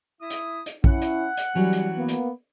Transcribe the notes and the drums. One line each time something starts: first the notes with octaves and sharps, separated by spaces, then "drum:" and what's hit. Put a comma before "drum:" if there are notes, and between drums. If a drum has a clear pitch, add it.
E4 E5 D#6
drum: hi-hat
drum: hi-hat
C#4 E4 F#5, drum: kick
drum: hi-hat
drum: hi-hat
E3 F#3 G3 C#4
drum: hi-hat
A#3 B3
drum: hi-hat